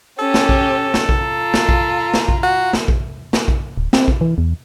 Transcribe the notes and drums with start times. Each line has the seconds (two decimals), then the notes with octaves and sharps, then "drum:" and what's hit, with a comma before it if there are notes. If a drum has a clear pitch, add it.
0.19 C#4 G4 A4
0.34 drum: snare
0.49 drum: kick A#1
0.94 drum: snare
1.09 drum: kick A#1
1.21 F4 A#5
1.54 drum: snare
1.69 drum: kick A#1
2.14 drum: snare
2.29 drum: kick A#1
2.43 F#4
2.73 drum: snare
2.88 drum: kick A#1
3.33 drum: snare
3.48 drum: kick A#1
3.77 D1
3.93 C4, drum: snare
4.08 drum: kick A#1
4.21 E3
4.38 E2